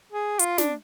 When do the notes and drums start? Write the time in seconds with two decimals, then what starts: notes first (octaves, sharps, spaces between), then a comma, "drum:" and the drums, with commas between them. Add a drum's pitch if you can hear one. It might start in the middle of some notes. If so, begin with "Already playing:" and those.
0.12 G#4
0.39 F4, drum: hi-hat
0.58 D4, drum: snare